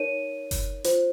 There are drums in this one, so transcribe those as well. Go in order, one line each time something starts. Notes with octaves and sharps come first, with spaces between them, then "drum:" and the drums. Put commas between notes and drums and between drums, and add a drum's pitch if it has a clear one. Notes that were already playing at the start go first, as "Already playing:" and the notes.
Already playing: D#4 A#4 C#5 D#7
drum: kick F#1, open hi-hat
F4 C5, drum: hi-hat